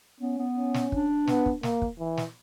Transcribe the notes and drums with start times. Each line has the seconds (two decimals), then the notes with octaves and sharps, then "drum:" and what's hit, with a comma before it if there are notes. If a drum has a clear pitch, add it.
0.20 B3 C#4
0.38 B3
0.57 C#4
0.74 drum: snare
0.92 D4, drum: kick
1.27 B3, drum: snare
1.46 drum: kick
1.63 A#3, drum: snare
1.82 drum: kick
1.99 E3
2.17 drum: snare